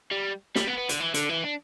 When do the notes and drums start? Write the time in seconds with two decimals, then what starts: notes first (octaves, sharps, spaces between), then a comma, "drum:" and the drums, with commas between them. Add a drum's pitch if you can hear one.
0.11 G3
0.56 G3, drum: snare
0.67 B3
0.78 B3
0.89 D3, drum: hi-hat
1.00 E3
1.14 D3, drum: hi-hat
1.29 E3
1.44 D4